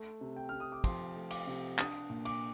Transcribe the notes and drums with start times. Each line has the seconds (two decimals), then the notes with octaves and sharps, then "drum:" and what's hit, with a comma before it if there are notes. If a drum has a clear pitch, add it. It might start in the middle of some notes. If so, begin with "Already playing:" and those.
Already playing: A3
0.21 C3
0.36 G5
0.49 C3 F6
0.60 D#6
0.72 D6
0.84 F3 C6, drum: kick, cymbal
1.16 A3
1.31 D6, drum: cymbal
1.47 C3
1.78 D4 D#6, drum: clap
2.10 A#2
2.25 D6, drum: cymbal